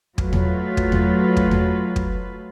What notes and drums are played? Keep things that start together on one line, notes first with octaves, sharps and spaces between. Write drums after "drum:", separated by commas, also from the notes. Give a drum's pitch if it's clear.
F#3 A3 F4 B4, drum: kick
drum: tom E2
drum: kick
drum: tom E2
drum: kick
drum: tom E2
drum: kick